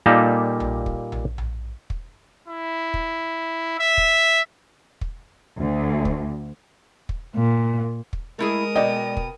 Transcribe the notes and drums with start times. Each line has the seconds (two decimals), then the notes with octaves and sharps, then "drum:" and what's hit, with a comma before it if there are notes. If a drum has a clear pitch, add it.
0.06 A#2 G3 A#3 D#4 G4 A4
0.60 drum: tom A#1
0.86 drum: kick
1.12 drum: tom A#1
1.38 drum: tom A#1
1.90 drum: kick
2.48 E4
2.94 drum: kick
3.79 E5
3.98 drum: kick
5.01 drum: kick
5.58 D2
6.05 drum: kick
7.09 drum: kick
7.35 A#2
8.13 drum: kick
8.39 G#3 A3 E4 G#4 A#4 D#6
8.76 B2 D5 D#5 G5
9.17 drum: kick